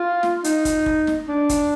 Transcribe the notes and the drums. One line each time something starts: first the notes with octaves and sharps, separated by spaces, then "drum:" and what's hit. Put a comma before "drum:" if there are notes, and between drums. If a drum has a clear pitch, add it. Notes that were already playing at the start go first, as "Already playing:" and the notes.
Already playing: F4
drum: snare
D#4, drum: hi-hat
drum: kick, hi-hat
drum: kick
drum: snare
D4
drum: kick, hi-hat